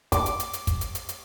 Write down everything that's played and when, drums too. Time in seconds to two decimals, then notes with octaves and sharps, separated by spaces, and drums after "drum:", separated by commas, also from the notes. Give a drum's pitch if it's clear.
0.12 D6, drum: kick, hi-hat
0.26 drum: hi-hat
0.40 drum: hi-hat
0.53 drum: hi-hat
0.67 drum: kick, hi-hat
0.81 drum: hi-hat
0.95 drum: hi-hat
1.09 drum: hi-hat